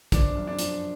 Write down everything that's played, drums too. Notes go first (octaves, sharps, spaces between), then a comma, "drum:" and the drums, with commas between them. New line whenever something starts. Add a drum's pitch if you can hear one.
F3 D4, drum: kick, hi-hat
F#2
D4
F3, drum: hi-hat